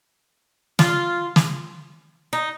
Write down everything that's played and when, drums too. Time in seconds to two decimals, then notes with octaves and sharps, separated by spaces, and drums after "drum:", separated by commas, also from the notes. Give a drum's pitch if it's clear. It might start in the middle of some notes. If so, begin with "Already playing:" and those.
0.79 F4, drum: snare
1.36 drum: snare
2.33 D#4